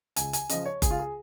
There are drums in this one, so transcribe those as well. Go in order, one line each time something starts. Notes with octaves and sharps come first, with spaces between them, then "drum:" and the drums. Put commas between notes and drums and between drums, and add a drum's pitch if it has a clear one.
C#2 G#5, drum: hi-hat
G#5, drum: hi-hat
C#3 F3 D#5, drum: hi-hat
C#5
C#2 G#4, drum: kick F#1, hi-hat
F4
G#4